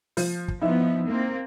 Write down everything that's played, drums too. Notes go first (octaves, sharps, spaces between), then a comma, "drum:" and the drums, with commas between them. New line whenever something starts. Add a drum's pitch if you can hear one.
F3, drum: open hi-hat
drum: kick
F3 B3 D#4 E4
A#3 C4